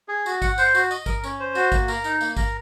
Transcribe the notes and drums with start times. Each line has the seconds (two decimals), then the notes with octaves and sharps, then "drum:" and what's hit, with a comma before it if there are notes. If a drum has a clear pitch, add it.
0.08 G#4
0.26 F#4, drum: tambourine
0.42 F#5, drum: kick G#1, tambourine
0.58 C5, drum: tambourine
0.75 F#4, drum: tambourine
0.91 D#5, drum: tambourine
1.06 A#4, drum: kick G#1, tambourine
1.24 C#4, drum: tambourine
1.40 C5
1.55 F#4, drum: tambourine
1.72 A#3, drum: kick G#1, tambourine
1.88 A#4, drum: tambourine
2.04 D#4, drum: tambourine
2.21 A#3, drum: tambourine
2.37 A#4, drum: kick G#1, tambourine